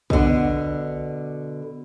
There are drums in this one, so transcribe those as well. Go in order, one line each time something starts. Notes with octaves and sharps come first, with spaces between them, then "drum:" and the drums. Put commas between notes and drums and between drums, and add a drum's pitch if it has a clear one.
B2 D3, drum: kick